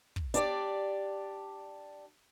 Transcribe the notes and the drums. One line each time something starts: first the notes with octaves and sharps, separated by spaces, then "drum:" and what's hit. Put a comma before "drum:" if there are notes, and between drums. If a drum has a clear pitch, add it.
drum: kick
D4 G4 D5, drum: hi-hat